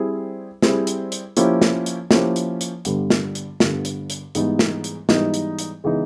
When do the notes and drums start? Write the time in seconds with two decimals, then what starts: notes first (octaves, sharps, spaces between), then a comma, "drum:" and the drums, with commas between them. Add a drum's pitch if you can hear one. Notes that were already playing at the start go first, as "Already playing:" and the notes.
Already playing: G3 C4 E4 G#4
0.63 G3 C4 E4 G#4, drum: snare
0.87 drum: hi-hat
1.12 drum: hi-hat
1.37 F3 A#3 C#4 E4 G4, drum: hi-hat
1.62 drum: snare
1.86 drum: hi-hat
2.11 F3 A#3 C#4 E4 G4, drum: snare
2.36 drum: hi-hat
2.61 drum: hi-hat
2.85 G2 D3 G3 B3, drum: hi-hat
3.10 drum: snare
3.35 drum: hi-hat
3.60 G2 D3 G3 B3, drum: snare
3.85 drum: hi-hat
4.10 drum: hi-hat
4.35 G#2 E3 G3 B3 D#4, drum: hi-hat
4.59 drum: snare
4.84 drum: hi-hat
5.09 G#2 E3 G3 B3 D#4, drum: snare
5.34 drum: hi-hat
5.59 drum: hi-hat
5.84 C#3 E3 G#3 B3 D#4